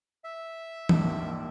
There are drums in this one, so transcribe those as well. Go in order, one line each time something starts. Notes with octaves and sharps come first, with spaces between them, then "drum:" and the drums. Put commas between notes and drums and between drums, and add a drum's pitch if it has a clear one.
E5
A#1 D#2 G#2, drum: tom E3